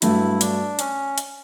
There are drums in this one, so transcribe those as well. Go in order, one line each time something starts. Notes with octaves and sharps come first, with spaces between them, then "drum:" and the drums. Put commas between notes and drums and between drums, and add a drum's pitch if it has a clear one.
G2 F#3 A3 E4, drum: hi-hat
D4, drum: hi-hat
C#4, drum: hi-hat
drum: hi-hat